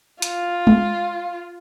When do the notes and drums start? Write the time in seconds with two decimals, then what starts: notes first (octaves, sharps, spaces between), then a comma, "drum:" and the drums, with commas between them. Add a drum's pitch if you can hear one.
0.22 F4, drum: hi-hat
0.67 drum: tom G#3